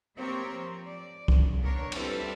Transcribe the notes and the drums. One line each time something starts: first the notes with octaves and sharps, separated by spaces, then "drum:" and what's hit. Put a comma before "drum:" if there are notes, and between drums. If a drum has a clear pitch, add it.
A#3 C4 G4 A#4 C5 C#5
F3
D5
C#3 F#3, drum: kick C2
B3 D4 A#4 C#5
G3 C4 D4 E4 A4 B4, drum: cymbal